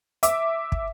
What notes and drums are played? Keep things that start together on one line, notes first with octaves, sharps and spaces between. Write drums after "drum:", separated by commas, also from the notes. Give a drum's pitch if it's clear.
E5 D6, drum: hi-hat
drum: kick